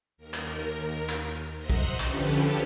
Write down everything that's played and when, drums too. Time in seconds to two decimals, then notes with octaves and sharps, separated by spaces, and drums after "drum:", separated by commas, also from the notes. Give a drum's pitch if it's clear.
0.17 D#2 A#4
0.34 drum: clap
1.09 drum: clap
1.56 C5 D#5 E5 F#5 A#5 F#6
1.70 drum: kick
2.00 D3 F3 C#4 G4 A4 B4, drum: clap